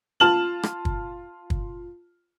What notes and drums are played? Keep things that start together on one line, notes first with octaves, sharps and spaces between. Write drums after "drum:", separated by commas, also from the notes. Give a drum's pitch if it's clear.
F4 A5 F6 E7 F#7
drum: rim click
drum: kick
drum: kick